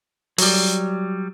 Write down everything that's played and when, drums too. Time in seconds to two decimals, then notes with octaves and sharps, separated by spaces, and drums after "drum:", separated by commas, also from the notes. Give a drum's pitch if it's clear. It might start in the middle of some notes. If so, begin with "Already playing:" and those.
0.38 F#3 G3, drum: open hi-hat